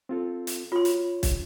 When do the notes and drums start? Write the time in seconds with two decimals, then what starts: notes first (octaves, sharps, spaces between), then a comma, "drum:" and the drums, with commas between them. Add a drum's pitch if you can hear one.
0.09 C4 F4 A4
0.47 drum: hi-hat
0.72 F4 C#5 C6
0.85 drum: hi-hat
1.23 drum: kick, hi-hat